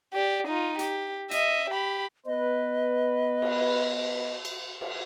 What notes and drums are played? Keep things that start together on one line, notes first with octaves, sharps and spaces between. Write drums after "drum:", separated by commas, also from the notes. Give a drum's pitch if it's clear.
G4 D5
D#4 F4
G4, drum: hi-hat
D#5 E5, drum: hi-hat
G4 B5
B3 B4 D#5
drum: cymbal
drum: cymbal
drum: cymbal